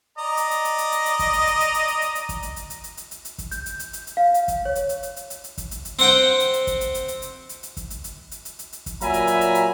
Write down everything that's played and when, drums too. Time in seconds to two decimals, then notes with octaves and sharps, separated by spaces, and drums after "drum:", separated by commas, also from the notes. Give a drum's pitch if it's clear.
0.18 D5 D#5 A#5
0.37 drum: hi-hat
0.51 drum: hi-hat
0.65 drum: hi-hat
0.78 drum: hi-hat
0.92 drum: hi-hat
1.06 drum: hi-hat
1.19 drum: kick, hi-hat
1.33 drum: hi-hat
1.47 drum: hi-hat
1.60 drum: hi-hat
1.74 drum: hi-hat
1.88 drum: hi-hat
2.01 drum: hi-hat
2.15 drum: hi-hat
2.29 drum: kick, hi-hat
2.43 drum: hi-hat
2.56 drum: hi-hat
2.70 drum: hi-hat
2.84 drum: hi-hat
2.97 drum: hi-hat
3.11 drum: hi-hat
3.25 drum: hi-hat
3.38 drum: kick, hi-hat
3.51 G6, drum: hi-hat
3.66 drum: hi-hat
3.80 drum: hi-hat
3.93 drum: hi-hat
4.07 drum: hi-hat
4.17 F5
4.34 F5, drum: hi-hat
4.48 drum: kick, hi-hat
4.65 C#5
4.75 drum: hi-hat
4.89 drum: hi-hat
5.03 drum: hi-hat
5.16 drum: hi-hat
5.30 drum: hi-hat
5.44 drum: hi-hat
5.58 drum: kick, hi-hat
5.71 drum: hi-hat
5.85 drum: hi-hat
5.99 C4 F#5 G5, drum: hi-hat
6.40 drum: hi-hat
6.53 drum: hi-hat
6.67 drum: kick, hi-hat
6.81 drum: hi-hat
6.94 drum: hi-hat
7.08 drum: hi-hat
7.22 drum: hi-hat
7.49 drum: hi-hat
7.63 drum: hi-hat
7.77 drum: kick, hi-hat
7.90 drum: hi-hat
8.04 drum: hi-hat
8.31 drum: hi-hat
8.45 drum: hi-hat
8.59 drum: hi-hat
8.73 drum: hi-hat
8.86 drum: kick, hi-hat
9.01 A#2 F#3 E5 G#5 A#5 B5, drum: hi-hat
9.14 drum: hi-hat
9.27 drum: hi-hat
9.41 drum: hi-hat
9.55 drum: hi-hat